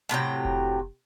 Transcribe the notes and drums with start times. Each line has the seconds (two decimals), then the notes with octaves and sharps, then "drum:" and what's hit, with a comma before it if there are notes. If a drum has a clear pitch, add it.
0.09 A2 C3 F#3 G5
0.45 drum: kick F1